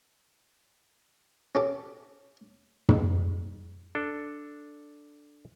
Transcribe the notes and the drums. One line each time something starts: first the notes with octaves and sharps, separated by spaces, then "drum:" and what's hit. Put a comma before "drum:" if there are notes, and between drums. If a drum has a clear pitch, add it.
C#4 G4 A4
drum: tom
D4 A4